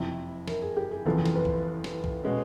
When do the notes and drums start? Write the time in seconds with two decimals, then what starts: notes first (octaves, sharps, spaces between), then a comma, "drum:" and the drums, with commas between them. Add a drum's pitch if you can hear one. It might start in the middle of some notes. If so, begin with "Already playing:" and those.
Already playing: F#1 F2 C3 E4
0.48 A#4, drum: snare
0.62 G#4
0.77 G4
0.91 G#4
1.05 F#1 E2 C3 F3 A4
1.26 drum: snare
1.36 B4
1.45 drum: kick
1.84 drum: snare
2.04 drum: kick
2.24 B2 G#3 C#4